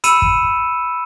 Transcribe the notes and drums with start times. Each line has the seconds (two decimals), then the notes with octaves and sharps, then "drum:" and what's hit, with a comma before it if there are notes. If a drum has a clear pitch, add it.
0.04 B5 E6 C#7 D#7 E7, drum: hi-hat
0.22 drum: kick